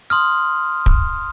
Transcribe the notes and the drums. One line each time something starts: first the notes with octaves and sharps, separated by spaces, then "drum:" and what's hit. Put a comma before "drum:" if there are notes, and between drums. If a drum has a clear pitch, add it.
C6 D#6 F6
drum: kick